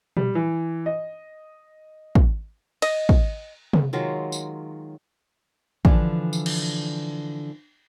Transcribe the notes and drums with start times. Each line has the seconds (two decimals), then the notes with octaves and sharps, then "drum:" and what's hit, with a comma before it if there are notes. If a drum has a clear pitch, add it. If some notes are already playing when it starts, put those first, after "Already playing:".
0.17 G3, drum: tom A#2
0.35 E3
0.86 D#5
2.15 drum: kick
2.82 D#5, drum: cymbal
3.09 drum: kick
3.73 drum: tom
3.93 D#3 F#3 G#3 F4
4.32 drum: tambourine
5.85 D3 E3 F3 D4, drum: kick
6.33 drum: tambourine
6.46 drum: cymbal